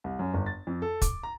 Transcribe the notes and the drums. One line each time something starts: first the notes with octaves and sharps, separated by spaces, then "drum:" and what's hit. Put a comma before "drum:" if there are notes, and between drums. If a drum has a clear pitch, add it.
C2
F#2
G1
A6
F2
A4
D6, drum: kick, hi-hat
A#5